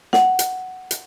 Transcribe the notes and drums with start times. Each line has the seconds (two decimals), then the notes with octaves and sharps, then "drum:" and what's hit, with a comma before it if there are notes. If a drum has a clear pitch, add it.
0.13 F#5, drum: snare
0.39 drum: hi-hat
0.91 drum: hi-hat